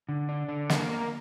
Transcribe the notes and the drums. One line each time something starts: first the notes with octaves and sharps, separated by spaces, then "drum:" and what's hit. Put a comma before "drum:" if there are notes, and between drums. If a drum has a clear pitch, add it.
D3
D4
D3
A#3, drum: snare
A#4